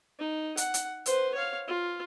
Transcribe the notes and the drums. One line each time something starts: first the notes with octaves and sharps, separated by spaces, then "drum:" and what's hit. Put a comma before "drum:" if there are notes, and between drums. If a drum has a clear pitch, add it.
D#4
F#5, drum: hi-hat
drum: hi-hat
B4 C5, drum: hi-hat
C#5 F5
F4